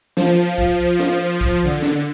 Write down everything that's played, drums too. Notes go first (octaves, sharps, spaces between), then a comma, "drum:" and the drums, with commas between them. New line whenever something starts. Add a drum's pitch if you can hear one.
F3, drum: snare
drum: kick, tambourine
drum: snare
drum: kick, tambourine
D3
drum: snare